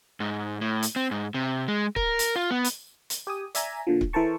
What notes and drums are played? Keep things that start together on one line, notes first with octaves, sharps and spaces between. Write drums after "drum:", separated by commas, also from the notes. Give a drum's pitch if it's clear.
G#2
A2
drum: hi-hat
C4
G#2
C3
G#3
A#4, drum: kick C#1
drum: hi-hat
F4
B3
drum: hi-hat
drum: hi-hat
G4 G#5 D#6
D5 E5 G#5 A#5, drum: hi-hat
A#2 D3 F3
drum: kick C#1
E3 A4 A#4 C5 A5 C#6